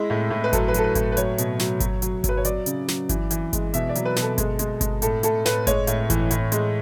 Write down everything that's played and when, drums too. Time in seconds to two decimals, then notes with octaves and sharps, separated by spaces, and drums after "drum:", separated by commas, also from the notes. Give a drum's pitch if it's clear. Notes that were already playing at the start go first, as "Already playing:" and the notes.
Already playing: G#3 E4
0.10 A2
0.30 A2
0.44 B4
0.53 F#3 A4, drum: kick G1, hi-hat
0.68 B4
0.74 F#3 A4, drum: hi-hat
0.84 B4
0.95 A2, drum: kick G1, hi-hat
1.12 B4
1.17 F#3 C#5, drum: hi-hat
1.38 B2, drum: hi-hat
1.59 F#3, drum: snare
1.80 F#3, drum: kick G1, hi-hat
2.02 F#3, drum: hi-hat
2.24 F#3, drum: kick G1, hi-hat
2.29 B4
2.37 C#5
2.45 F#3 D5, drum: hi-hat
2.66 C#3, drum: hi-hat
2.88 F#3, drum: snare
3.09 E3, drum: kick G1, hi-hat
3.31 E3, drum: hi-hat
3.53 G#3, drum: kick G1, hi-hat
3.74 B2 E5, drum: hi-hat
3.89 D5
3.95 F#3, drum: hi-hat
4.05 B4
4.16 B2 B4, drum: snare
4.22 A4
4.38 G#3, drum: kick G1, hi-hat
4.59 G#3, drum: hi-hat
4.81 G#3, drum: kick G1, hi-hat
5.02 A2 A4, drum: hi-hat
5.23 A2 A4, drum: hi-hat
5.45 A2 B4, drum: snare
5.67 G#3 C#5, drum: kick G1, hi-hat
5.87 A2, drum: hi-hat
6.10 E3, drum: kick G1, hi-hat
6.31 A2, drum: hi-hat
6.52 G#3, drum: hi-hat